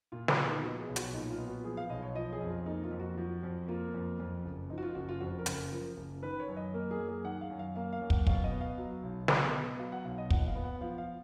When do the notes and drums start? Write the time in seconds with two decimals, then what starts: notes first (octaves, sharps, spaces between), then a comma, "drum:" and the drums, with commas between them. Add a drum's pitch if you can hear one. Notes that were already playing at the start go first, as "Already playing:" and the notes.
0.12 A#2 F4
0.28 F4, drum: snare
0.37 B3
0.46 D#4
0.62 F3 F#4
0.80 G#4
0.88 B1
0.96 F#4, drum: hi-hat
1.14 A#2 D#4
1.30 F4
1.38 B3
1.47 F#4
1.64 F3 G#4
1.77 F5
1.89 B1 D#5
2.03 C#5
2.15 F3 D#5
2.33 G#4
2.41 F2
2.50 F4
2.66 A#3 D#4
2.84 F4
2.91 F2
3.00 F#4
3.17 F3 F#4
3.43 F2
3.68 A#3 F4
3.94 F2
4.20 F2
4.45 F#1
4.70 F3 D#4
4.78 F#4
4.82 F4
4.95 F#1 F#4
5.09 F4
5.21 F2 F#4
5.39 A#4
5.46 F#1, drum: hi-hat
5.54 A#4
5.72 F3
5.97 F#1
6.23 D#3 B4
6.40 C#5
6.48 F#2
6.57 D#5
6.74 A#3 A#4
6.91 G#4
6.99 F#2
7.08 G#4
7.24 D#3 F#5
7.41 F5
7.50 F#2
7.59 F5
7.76 A#3 F5
7.93 F5
8.01 F#2
8.10 F#5, drum: kick
8.27 B2 F5, drum: kick
8.44 D#5
8.52 B3
8.61 F5
8.78 F#3
9.03 B1
9.28 B2 D#5, drum: snare
9.54 B3
9.79 F#3 F5
9.92 F#5
10.05 B1 F5
10.18 D#5
10.30 A#2 F#5, drum: kick
10.47 F5
10.55 B3
10.64 F#5
10.81 F3 F5
10.98 F5